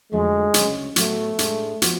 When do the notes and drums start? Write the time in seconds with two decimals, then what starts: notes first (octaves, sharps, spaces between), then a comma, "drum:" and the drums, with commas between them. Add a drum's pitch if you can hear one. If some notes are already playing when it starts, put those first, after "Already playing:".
0.12 F2 D3 F#3 G#3 A3 F4
0.54 D2 C#3 F#3, drum: hi-hat
0.96 A2 F#3 A3 B3 F#4 A4, drum: hi-hat
1.39 A2 G#3 D4 G#4, drum: hi-hat
1.82 F3 B3 F#4, drum: hi-hat